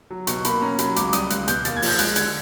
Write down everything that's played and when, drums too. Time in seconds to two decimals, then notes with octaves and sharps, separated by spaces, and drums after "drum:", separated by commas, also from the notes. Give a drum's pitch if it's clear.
0.11 F#3
0.27 B2 C#6, drum: hi-hat
0.45 A#3 B5, drum: hi-hat
0.61 C#4 A#5
0.79 F#3 B5, drum: hi-hat
0.96 C#2 D6, drum: hi-hat
1.08 D6
1.13 G3 D#6, drum: hi-hat
1.30 C#2 F#6, drum: hi-hat
1.48 B2 G6, drum: hi-hat
1.65 D#2 A6, drum: hi-hat
1.77 G#6
1.82 F3, drum: open hi-hat
1.88 G6
1.99 G#3 F#6, drum: hi-hat
2.16 D3 G#6, drum: hi-hat